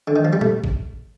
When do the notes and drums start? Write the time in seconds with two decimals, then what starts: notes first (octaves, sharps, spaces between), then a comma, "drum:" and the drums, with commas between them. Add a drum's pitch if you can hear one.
0.08 D3
0.16 D#3
0.25 F3
0.33 G3
0.41 A3, drum: tom A#2
0.64 drum: kick G#1